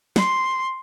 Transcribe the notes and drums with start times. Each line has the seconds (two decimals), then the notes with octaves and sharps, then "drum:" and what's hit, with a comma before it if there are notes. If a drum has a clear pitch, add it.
0.16 C6, drum: snare